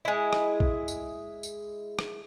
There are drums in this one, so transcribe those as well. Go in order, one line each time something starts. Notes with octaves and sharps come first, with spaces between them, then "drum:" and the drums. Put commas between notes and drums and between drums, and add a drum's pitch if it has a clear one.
G#3 E4
drum: rim click
drum: kick A#1
drum: tambourine
drum: tambourine
drum: rim click